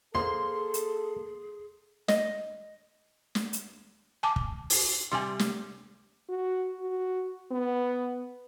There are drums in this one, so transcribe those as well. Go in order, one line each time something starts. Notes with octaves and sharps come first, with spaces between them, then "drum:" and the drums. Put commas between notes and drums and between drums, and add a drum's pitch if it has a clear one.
A#3 G#4 A4 C5 C6
drum: hi-hat
D#5, drum: snare
drum: snare
drum: hi-hat
G#5 A5 D6
drum: kick
drum: open hi-hat
C3 G3 G#5 C6
drum: snare
F#4
F#4
B3